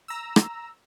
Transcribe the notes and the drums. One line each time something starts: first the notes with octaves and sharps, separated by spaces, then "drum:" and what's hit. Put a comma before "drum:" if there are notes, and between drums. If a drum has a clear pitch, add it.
A#5 E6
drum: rim click